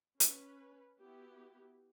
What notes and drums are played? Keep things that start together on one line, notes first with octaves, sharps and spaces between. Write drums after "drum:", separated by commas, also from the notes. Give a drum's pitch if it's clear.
C#4 B4, drum: hi-hat
B3 E4 F#4 G4